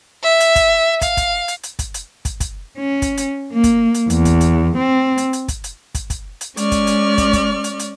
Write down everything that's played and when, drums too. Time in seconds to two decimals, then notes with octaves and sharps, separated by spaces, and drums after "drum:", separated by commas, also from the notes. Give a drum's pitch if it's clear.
0.23 E5
0.40 drum: hi-hat
0.56 drum: kick, hi-hat
1.01 F5, drum: kick, hi-hat
1.17 drum: kick, hi-hat
1.48 drum: hi-hat
1.63 drum: hi-hat
1.79 drum: kick, hi-hat
1.94 drum: hi-hat
2.25 drum: kick, hi-hat
2.40 drum: kick, hi-hat
2.78 C#4
3.02 drum: kick, hi-hat
3.17 drum: hi-hat
3.53 A#3
3.64 drum: kick, hi-hat
3.94 drum: hi-hat
4.10 E2, drum: hi-hat
4.25 drum: kick, hi-hat
4.41 drum: hi-hat
4.78 C4
5.18 drum: hi-hat
5.33 drum: hi-hat
5.48 drum: kick, hi-hat
5.64 drum: hi-hat
5.95 drum: kick, hi-hat
6.10 drum: kick, hi-hat
6.41 drum: hi-hat
6.57 G#3 C#4 D5 C#6 F6, drum: hi-hat
6.72 drum: kick, hi-hat
6.87 drum: hi-hat
7.18 drum: kick, hi-hat
7.33 drum: kick, hi-hat
7.64 drum: hi-hat
7.79 drum: hi-hat